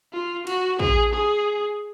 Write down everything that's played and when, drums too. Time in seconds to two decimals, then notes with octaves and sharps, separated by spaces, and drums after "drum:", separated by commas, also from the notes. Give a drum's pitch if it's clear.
0.13 F4
0.47 F#4, drum: cymbal
0.79 G#4, drum: kick
1.13 G#4